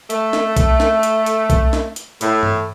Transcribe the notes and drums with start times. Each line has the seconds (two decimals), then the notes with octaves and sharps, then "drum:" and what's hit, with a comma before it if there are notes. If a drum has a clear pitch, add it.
0.10 A3, drum: hi-hat
0.33 drum: snare
0.57 drum: kick C2, hi-hat
0.80 drum: snare
1.03 drum: hi-hat
1.26 drum: hi-hat
1.50 drum: kick C2, hi-hat
1.73 drum: snare
1.96 drum: hi-hat
2.21 A2, drum: hi-hat
2.43 drum: tom G2